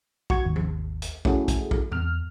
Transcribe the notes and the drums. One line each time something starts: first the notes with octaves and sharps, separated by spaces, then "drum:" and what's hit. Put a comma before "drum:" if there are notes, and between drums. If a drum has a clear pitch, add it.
F#4 C#6 G#6, drum: kick
G#1 D#2
drum: tom F3
drum: hi-hat
A3 C#4 E4 F#4 G#4 A4, drum: kick
drum: kick, hi-hat
drum: kick
E2 F6, drum: tom